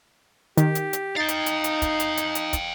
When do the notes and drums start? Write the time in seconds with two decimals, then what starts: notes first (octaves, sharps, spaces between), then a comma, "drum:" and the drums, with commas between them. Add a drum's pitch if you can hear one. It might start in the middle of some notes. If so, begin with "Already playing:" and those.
0.57 D#3 G4, drum: hi-hat
0.75 drum: hi-hat
0.93 drum: hi-hat
1.16 D#4 F5 G5 A6
1.29 drum: hi-hat
1.46 drum: hi-hat
1.64 drum: hi-hat
1.82 drum: kick, hi-hat
2.00 drum: hi-hat
2.17 drum: hi-hat
2.35 drum: hi-hat
2.53 drum: kick, hi-hat